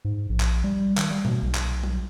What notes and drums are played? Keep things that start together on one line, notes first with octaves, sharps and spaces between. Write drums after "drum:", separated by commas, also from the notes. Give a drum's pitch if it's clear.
G#2
A#1
drum: clap
G3
D#3, drum: clap
G3
B2, drum: tom
B1
drum: clap
drum: tom F#3